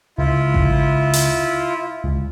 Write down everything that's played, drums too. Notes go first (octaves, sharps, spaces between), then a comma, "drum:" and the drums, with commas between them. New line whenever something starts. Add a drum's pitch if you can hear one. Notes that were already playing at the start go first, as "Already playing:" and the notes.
C#2 E4 F4
drum: kick A1
drum: hi-hat
C#2